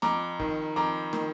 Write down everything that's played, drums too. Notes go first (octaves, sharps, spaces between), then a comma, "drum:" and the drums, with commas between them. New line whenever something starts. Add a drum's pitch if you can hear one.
F2 A#5 D6, drum: snare
D#3, drum: kick
F2 A#5 D6
D#3, drum: snare